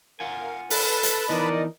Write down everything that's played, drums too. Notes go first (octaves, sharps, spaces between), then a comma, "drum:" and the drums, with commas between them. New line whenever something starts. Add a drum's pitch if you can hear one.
F4 A#4 F5 F#5 G#5
A4 B4 A5 B5, drum: open hi-hat
drum: hi-hat
E3 F3 B3 D#4 A#4 D5 D#5